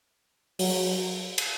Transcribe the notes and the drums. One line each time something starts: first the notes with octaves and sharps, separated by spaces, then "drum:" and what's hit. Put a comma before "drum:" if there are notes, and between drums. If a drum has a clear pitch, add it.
F#3, drum: open hi-hat
drum: cymbal